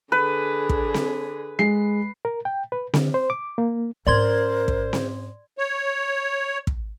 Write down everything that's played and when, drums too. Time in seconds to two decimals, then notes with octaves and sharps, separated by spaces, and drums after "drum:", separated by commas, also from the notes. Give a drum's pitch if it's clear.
0.12 D3 G#4 B4
0.69 drum: kick
0.94 drum: snare C4
1.59 G#3 C7
2.25 A#4
2.45 G5
2.72 B4
2.94 D3, drum: snare C4
3.14 C5
3.30 D6
3.58 A#3
4.07 G#2 C#4 A#4 C5 D5 C6 G#6
4.68 drum: kick
4.93 drum: snare C4
5.58 C#5
6.67 drum: kick